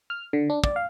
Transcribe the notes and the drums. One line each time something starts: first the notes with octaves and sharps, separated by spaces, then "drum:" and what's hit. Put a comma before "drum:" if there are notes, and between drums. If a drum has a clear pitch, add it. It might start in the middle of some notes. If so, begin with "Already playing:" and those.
F6
D3
D4
D5, drum: kick
F5